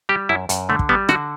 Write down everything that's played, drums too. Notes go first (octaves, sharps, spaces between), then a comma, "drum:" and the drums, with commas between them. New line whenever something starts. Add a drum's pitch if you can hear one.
G3 G4
F#2 E4
F#2, drum: hi-hat
D3 A3
drum: kick
G3 B3
D3 F#4, drum: rim click